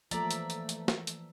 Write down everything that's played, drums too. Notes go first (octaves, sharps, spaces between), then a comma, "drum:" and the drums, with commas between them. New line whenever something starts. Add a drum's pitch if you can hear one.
E3 F3 A3 A#3 A4 D5 E5 A#5, drum: hi-hat
drum: hi-hat
drum: hi-hat
drum: hi-hat
drum: snare
drum: hi-hat